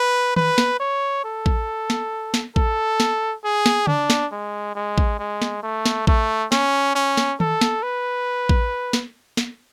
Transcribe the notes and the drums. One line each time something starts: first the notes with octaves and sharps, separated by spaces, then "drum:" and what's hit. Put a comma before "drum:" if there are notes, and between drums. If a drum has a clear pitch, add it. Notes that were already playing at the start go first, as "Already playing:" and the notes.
Already playing: B4
B4, drum: tom D#3
drum: snare
C#5
A4
drum: kick A1
drum: snare
drum: snare
A4, drum: kick A1
drum: snare
G#4
drum: snare
D4, drum: tom C#3
drum: snare
G#3
G#3
drum: kick A1
G#3
drum: snare
A3
drum: snare
A3, drum: kick A1
C#4, drum: snare
C#4
drum: snare
A4, drum: tom D#3
drum: snare
B4
drum: kick A1
drum: snare
drum: snare